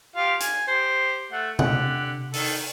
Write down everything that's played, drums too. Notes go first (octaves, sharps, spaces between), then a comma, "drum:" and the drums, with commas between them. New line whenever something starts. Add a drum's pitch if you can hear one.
F4 G4 F5
G#5, drum: hi-hat
G4 C5
A3 F#5
D3 G4 F#5, drum: tom C3
D#3 A4, drum: open hi-hat